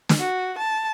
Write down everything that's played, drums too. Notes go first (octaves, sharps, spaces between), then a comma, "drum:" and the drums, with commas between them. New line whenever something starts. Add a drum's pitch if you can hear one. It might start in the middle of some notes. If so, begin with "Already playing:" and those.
drum: snare
F#4
A5